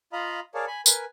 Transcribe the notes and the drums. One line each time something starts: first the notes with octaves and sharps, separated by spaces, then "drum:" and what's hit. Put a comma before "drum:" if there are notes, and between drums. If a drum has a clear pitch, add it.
F4 D#5 F5 A#5 B5
G#4 A#4 C#5 D5 F5 A5
G#5 B5
A#4 B4 G#5, drum: tambourine